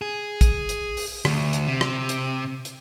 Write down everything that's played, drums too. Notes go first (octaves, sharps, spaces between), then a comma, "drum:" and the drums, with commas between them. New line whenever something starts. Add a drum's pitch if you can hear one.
G#4
drum: kick, hi-hat
drum: hi-hat
drum: open hi-hat
D2, drum: rim click
drum: hi-hat
C3
drum: rim click
drum: hi-hat
drum: hi-hat